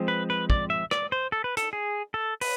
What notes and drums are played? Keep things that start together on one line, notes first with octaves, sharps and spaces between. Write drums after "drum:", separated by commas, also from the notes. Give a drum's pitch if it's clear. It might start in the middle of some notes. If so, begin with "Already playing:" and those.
Already playing: F3 G#3 C4
B4
B4
D5, drum: kick
E5
D5, drum: rim click
C5
A4
B4
A4, drum: hi-hat
G#4
A4
B4, drum: open hi-hat